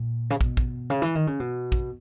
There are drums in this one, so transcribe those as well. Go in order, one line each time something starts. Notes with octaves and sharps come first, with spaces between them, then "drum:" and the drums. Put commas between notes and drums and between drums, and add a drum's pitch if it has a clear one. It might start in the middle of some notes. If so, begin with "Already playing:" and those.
Already playing: A#2
C#3
B2, drum: kick
drum: kick
C#3
E3
D#3
C#3
B2
drum: kick